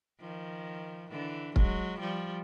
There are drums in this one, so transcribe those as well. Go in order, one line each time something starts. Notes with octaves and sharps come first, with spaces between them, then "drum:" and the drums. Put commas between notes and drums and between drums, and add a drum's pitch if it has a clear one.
D#3 F3
D3 E3
F#3 G#3, drum: kick
F3 G3